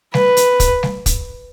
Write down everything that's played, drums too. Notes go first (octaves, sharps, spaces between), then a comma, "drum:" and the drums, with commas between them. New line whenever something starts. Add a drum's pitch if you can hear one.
B4, drum: snare G3
drum: hi-hat
drum: kick, hi-hat
drum: snare G3
drum: kick, hi-hat